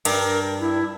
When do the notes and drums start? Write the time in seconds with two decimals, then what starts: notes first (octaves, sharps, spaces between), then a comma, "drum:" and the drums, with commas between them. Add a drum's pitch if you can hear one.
0.05 G2 A#4, drum: cymbal
0.60 E4